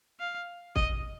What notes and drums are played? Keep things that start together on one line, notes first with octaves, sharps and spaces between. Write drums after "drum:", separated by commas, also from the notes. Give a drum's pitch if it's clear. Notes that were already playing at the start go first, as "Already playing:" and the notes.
F5
D#5, drum: kick